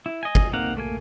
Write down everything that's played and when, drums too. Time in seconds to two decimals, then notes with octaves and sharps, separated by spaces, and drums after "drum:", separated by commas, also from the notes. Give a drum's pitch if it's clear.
0.06 E4
0.23 D#5 G#5
0.35 drum: kick G1
0.53 A#3 C4 D#4 F5 F#5
0.77 A3 A#3 G#5